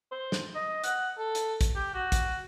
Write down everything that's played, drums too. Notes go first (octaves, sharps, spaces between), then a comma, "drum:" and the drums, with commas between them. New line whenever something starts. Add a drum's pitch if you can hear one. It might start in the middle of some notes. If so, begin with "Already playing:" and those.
C5
drum: snare
D#5
F#5, drum: hi-hat
A4
drum: hi-hat
drum: kick, hi-hat
G4
F#4
drum: kick, hi-hat